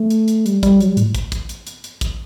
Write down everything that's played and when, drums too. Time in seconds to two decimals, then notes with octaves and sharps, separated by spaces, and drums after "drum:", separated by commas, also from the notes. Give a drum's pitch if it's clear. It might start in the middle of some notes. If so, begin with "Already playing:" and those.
Already playing: A3
0.10 drum: hi-hat
0.28 drum: hi-hat
0.46 G3, drum: hi-hat
0.63 G3, drum: kick, hi-hat
0.80 F#3, drum: hi-hat
0.88 G3
0.97 A2, drum: hi-hat
1.15 drum: kick, hi-hat
1.32 drum: kick, hi-hat
1.49 drum: hi-hat
1.67 drum: hi-hat
1.84 drum: hi-hat
2.01 drum: kick, hi-hat